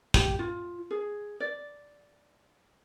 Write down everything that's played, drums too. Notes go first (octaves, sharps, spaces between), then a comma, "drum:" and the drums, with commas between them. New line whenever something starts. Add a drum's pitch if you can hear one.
G4, drum: kick
F4
G#4
D5